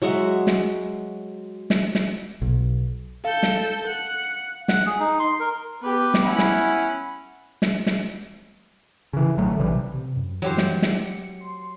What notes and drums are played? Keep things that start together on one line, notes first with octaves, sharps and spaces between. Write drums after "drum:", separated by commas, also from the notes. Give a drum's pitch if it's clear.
F#3 G#3 E5 F#5
drum: snare
drum: snare
drum: snare
B1
A4 F5 G6
drum: snare
F#5
F#5, drum: snare
G#4
D#4
C6
A#4
B3 G4 B4
drum: snare
C#4 E4 F#5 B5
drum: snare
drum: snare
drum: snare
C#3 E3
A1 D3 F#3 A3
A#1 C3 E3 G3
C3
F#2
E3 F#3 G4 C5
drum: snare
drum: snare
C#7
C6